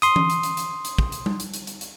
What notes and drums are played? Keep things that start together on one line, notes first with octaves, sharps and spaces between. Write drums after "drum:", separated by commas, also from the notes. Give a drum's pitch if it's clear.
C6 D#6, drum: hi-hat
drum: tom E3
drum: hi-hat
drum: hi-hat
drum: hi-hat
drum: hi-hat
drum: kick
drum: hi-hat
drum: tom G3
drum: hi-hat
drum: hi-hat
drum: hi-hat
drum: hi-hat